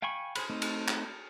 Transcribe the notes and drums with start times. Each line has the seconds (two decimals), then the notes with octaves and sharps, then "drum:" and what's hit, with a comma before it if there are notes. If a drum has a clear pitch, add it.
0.02 F5 G5 G#5 B5 C#6
0.35 G#4 C5 B5, drum: cymbal
0.50 A3 C4 D#4
0.62 drum: cymbal
0.88 drum: clap